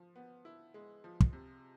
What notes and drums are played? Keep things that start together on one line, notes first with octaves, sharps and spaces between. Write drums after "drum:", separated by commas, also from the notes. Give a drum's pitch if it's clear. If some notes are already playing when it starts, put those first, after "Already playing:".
Already playing: F3
B3
E4
G#3
F3
drum: kick
C3